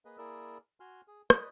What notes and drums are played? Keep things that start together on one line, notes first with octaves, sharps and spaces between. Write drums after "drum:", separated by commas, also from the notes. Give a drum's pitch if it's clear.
A#3 G#4 B4 D#5
A#3 E4 G#4 A#4 D5 E6
F#4 G#5 C6 F6
G#4
B4 D5 D#5 D#6, drum: rim click